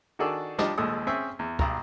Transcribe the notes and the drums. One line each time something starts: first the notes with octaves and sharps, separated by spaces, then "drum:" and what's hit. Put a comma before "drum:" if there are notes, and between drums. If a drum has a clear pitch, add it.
D#3 D4 F#4 G#4 A4 D5
F3 G3 D4 D#4 D#5, drum: snare
A#1 D#2 G#3 A4 D#6
C4 C#4 G#4 E5
E2
B1 G2 A#5, drum: kick